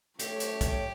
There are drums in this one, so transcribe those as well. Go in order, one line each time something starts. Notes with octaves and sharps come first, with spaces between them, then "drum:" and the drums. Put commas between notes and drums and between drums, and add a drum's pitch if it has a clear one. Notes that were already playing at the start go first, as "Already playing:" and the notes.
A3 G4 C#5, drum: hi-hat
drum: hi-hat
drum: kick, hi-hat